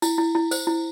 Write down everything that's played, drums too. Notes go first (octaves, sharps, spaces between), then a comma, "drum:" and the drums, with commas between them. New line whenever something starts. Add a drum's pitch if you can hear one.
E4, drum: tambourine
E4
E4
C5, drum: tambourine
E4